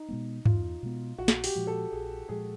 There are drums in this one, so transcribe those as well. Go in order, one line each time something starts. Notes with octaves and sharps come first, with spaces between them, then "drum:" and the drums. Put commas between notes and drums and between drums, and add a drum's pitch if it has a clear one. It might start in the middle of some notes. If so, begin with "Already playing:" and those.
Already playing: D#4
B2 G#3 B3
E2 F4, drum: tom G2
B2 G#3 B3
A#1 F#4
drum: snare
G4, drum: open hi-hat
A#2 F3 G#3
A4
A#1 G#4
A#2 F3 G#3 G#4